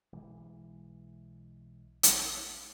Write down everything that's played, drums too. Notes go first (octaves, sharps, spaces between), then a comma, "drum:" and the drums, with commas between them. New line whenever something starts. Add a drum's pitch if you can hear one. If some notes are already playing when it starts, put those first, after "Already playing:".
B1 E3 G#3
drum: hi-hat